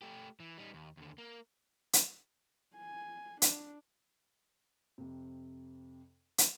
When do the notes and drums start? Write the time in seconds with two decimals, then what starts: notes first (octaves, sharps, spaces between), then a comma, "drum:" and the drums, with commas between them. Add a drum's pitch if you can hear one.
0.02 A3 G4
0.40 E3
0.58 G3 D#4
0.74 D#2
0.97 D#2 D3
1.18 A#3
1.93 drum: hi-hat
2.77 G#5
3.42 D4, drum: hi-hat
4.98 F2 C3
6.38 drum: hi-hat